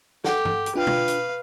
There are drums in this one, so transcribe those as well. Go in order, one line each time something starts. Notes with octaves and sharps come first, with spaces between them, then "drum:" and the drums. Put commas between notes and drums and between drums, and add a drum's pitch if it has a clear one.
G4 A4 F#5, drum: snare
drum: tom
drum: hi-hat
D4 F4 B4 F5 G5
drum: tom B2
drum: hi-hat